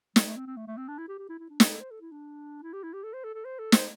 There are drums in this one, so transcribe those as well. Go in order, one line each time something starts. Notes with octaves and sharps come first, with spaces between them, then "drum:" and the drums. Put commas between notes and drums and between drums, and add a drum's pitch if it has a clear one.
G3, drum: snare
A3
C4
C4
A3
A3
C4
D4
E4
G4
G4
E4
E4
D4
D4, drum: snare
A4
C5
A4
E4
D4
E4
G4
E4
G4
A4
C5
A4
A4
C5
A4
C5, drum: snare